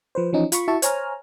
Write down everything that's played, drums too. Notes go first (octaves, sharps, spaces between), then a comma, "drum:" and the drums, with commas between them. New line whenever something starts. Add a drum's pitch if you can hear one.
F3 B4 C5
E3 F3 C#4 D#4
F4 B5 C#6, drum: hi-hat
E4 F#4 E5 A5 C#6
C5 C#5 G#5 A#5 F6, drum: hi-hat